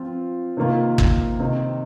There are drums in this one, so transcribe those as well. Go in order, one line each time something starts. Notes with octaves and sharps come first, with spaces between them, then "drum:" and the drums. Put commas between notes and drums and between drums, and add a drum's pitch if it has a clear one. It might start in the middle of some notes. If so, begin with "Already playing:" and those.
Already playing: F3 C4 F4
C3 D#3 A#3 F4
drum: kick
C3 D#3 C4 D#4